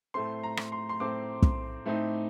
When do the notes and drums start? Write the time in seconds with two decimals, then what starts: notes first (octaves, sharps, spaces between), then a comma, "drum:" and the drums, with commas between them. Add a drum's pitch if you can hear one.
0.14 A2 A3 C4 C6
0.43 A#5
0.57 drum: rim click
0.72 C6
0.89 C6
1.00 A2 A3 C4 D6
1.42 drum: kick
1.85 A2 A3 C4 D#4